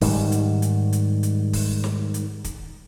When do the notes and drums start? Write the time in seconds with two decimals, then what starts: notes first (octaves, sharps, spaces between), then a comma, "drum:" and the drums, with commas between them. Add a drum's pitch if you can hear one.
0.01 G#2 D#3 G3, drum: kick, open hi-hat
0.32 drum: hi-hat
0.62 drum: hi-hat
0.93 drum: hi-hat
1.23 drum: hi-hat
1.53 drum: kick, open hi-hat
1.84 drum: snare
2.14 drum: hi-hat
2.44 drum: kick, hi-hat